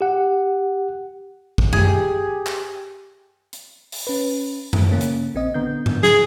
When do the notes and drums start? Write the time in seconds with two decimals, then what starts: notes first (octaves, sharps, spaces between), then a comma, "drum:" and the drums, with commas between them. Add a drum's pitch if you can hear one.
0.01 G4 F#5
1.58 drum: kick
1.73 G4 G#4, drum: tom F#2
2.46 drum: clap
3.53 drum: hi-hat
3.92 drum: open hi-hat
4.07 C#4 B4
4.73 drum: tom F#2
4.91 C#3 A#3 C#4
5.01 drum: hi-hat
5.35 A#1 C4 D#5
5.54 D3 B3 G6
5.86 drum: tom G2
6.03 G#4, drum: snare